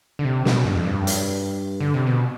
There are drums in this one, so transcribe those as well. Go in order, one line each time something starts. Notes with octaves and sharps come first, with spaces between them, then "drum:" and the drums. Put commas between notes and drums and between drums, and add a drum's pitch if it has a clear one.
D3
C3
B2, drum: snare
G2
F2
G2
drum: hi-hat
D3
C3
B2